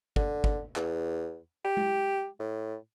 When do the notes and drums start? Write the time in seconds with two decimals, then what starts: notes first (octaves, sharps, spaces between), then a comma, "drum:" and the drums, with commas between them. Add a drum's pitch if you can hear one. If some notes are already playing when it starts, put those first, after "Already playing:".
0.16 D3, drum: kick
0.44 drum: kick
0.76 E2, drum: clap
1.65 G4
1.77 drum: tom G#3
2.40 A2